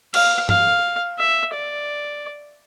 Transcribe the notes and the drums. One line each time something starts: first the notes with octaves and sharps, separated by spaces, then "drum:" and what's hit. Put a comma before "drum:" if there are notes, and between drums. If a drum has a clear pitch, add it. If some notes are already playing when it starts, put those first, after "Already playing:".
F5, drum: cymbal
F5, drum: tom G2
E5
D5